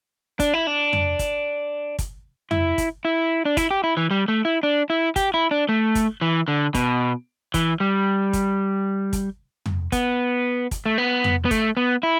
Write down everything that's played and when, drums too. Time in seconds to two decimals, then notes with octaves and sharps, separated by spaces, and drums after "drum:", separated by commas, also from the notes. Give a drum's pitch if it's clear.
0.40 D4, drum: kick, hi-hat
0.54 E4
0.67 D4
0.93 drum: tom
1.19 drum: kick, hi-hat
1.99 drum: kick, hi-hat
2.51 E4, drum: tom
2.78 drum: kick, hi-hat
3.05 E4
3.45 D4
3.57 E4, drum: kick, hi-hat
3.71 G4
3.84 E4
3.97 E3
4.11 G3
4.28 A3
4.45 E4
4.63 D4
4.90 E4
5.16 G4, drum: kick, hi-hat
5.34 E4
5.51 D4
5.69 A3
5.95 drum: kick, hi-hat
6.21 E3
6.48 D3
6.75 B2, drum: kick, hi-hat
7.54 E3, drum: kick, hi-hat
7.80 G3
8.33 drum: kick, hi-hat
9.13 drum: kick, hi-hat
9.66 drum: tom
9.92 B3, drum: kick, hi-hat
10.71 drum: kick, hi-hat
10.86 A3
10.98 B3
11.24 drum: tom
11.45 B3
11.51 A3, drum: kick, hi-hat
11.77 B3
12.03 E4